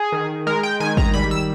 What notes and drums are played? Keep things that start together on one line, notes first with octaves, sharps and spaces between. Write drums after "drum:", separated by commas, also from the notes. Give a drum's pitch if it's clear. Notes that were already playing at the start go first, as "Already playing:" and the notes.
Already playing: G#4
D#3
G#3 A#4
G5
D#3 G#5
A#5, drum: kick G#1
G3 B5
E6